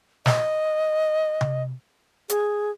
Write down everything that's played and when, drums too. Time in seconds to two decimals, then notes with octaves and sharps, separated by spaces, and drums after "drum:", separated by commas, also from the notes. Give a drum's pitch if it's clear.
0.26 D#5, drum: snare
1.41 drum: tom C3
2.29 G#4, drum: hi-hat